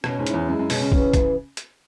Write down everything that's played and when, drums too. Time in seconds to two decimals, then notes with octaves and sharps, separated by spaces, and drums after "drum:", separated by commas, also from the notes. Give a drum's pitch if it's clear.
0.04 B2 C#4, drum: rim click
0.19 G#2
0.27 E4, drum: hi-hat
0.34 E2
0.48 F#2 G#3
0.59 F#2
0.70 B2 C#4, drum: open hi-hat
0.80 C#3
0.92 C#3 E3, drum: kick
1.14 drum: kick, hi-hat
1.57 drum: hi-hat